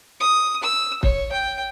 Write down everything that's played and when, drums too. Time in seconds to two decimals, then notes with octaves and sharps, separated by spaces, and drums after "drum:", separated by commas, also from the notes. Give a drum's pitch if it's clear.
0.21 D#6
0.63 E6
1.03 C#5, drum: kick
1.32 G5